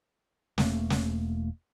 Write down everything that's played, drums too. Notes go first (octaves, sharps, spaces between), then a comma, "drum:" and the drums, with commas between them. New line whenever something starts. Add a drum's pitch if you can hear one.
E1 A3 A#3, drum: snare
drum: snare